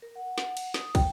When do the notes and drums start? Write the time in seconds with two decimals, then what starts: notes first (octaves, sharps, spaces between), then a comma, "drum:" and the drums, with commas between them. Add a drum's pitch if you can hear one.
0.02 A#4
0.16 F#5
0.38 drum: snare
0.57 drum: cymbal
0.74 D#6, drum: snare
0.95 G5, drum: kick, cymbal